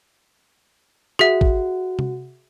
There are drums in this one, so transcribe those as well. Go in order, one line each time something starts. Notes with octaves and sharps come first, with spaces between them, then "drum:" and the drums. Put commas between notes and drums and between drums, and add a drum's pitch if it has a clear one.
F#4 G#4 E5 F#5, drum: rim click
drum: kick
drum: tom C3